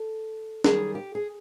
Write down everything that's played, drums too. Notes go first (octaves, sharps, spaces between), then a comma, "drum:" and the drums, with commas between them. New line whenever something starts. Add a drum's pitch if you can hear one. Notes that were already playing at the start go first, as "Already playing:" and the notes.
Already playing: A4
F#2 D#3 G3 G#4, drum: snare
G4
G#4